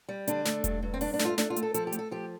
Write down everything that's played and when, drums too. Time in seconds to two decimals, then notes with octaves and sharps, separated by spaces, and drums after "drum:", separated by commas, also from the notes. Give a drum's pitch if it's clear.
0.09 G3
0.28 D3 D4, drum: hi-hat
0.45 A3, drum: snare
0.64 G2, drum: kick E1, hi-hat
0.82 G2
0.94 C4
1.01 G2 D4, drum: open hi-hat
1.14 D4
1.19 A3, drum: snare
1.25 F4
1.38 A3 D4, drum: snare
1.50 F4
1.56 A3, drum: hi-hat
1.63 A4
1.74 F3 A4, drum: hi-hat
1.87 G4
1.92 A3, drum: hi-hat
1.99 A4
2.11 F3 G4